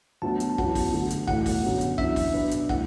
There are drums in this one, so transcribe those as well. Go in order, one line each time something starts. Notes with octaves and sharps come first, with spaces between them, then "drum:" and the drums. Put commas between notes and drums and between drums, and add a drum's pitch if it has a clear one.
D2 D3 F#3 B3 A5
drum: hi-hat
A5
F#2 E3 B3 F#4 B4 F#5, drum: kick
drum: kick, open hi-hat
D3 A3 F#4
drum: hi-hat
B1 A2 E3 A3 F#5, drum: kick
drum: kick, open hi-hat
F#2 D3 F#3 B3
drum: hi-hat
F#2 E3 D4 E5, drum: kick
drum: kick, open hi-hat
B2 B3 D4 B4 D5
drum: hi-hat
E3 A3 F#5, drum: kick